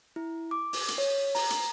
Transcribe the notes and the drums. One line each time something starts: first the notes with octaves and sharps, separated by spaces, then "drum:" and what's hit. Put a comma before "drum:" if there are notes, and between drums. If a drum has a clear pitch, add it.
E4
D6
drum: open hi-hat
drum: hi-hat
C#5
A#5, drum: open hi-hat
drum: hi-hat